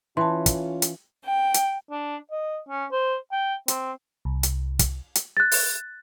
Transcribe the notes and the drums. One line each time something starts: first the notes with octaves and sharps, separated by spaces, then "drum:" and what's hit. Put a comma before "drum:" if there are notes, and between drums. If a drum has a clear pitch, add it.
E3 C#4 F4 A5 C6
drum: kick, hi-hat
drum: hi-hat
G5
drum: hi-hat
D4
D#5
C#4
C5
G5
C4, drum: hi-hat
C2
drum: hi-hat
drum: kick, hi-hat
drum: hi-hat
F#6 A6
drum: open hi-hat